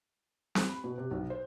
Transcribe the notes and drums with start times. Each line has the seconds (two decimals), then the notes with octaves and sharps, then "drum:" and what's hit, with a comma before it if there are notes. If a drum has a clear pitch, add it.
0.55 F#6, drum: snare C4
0.70 B5
0.84 B2
0.98 C3
1.11 B1
1.30 C5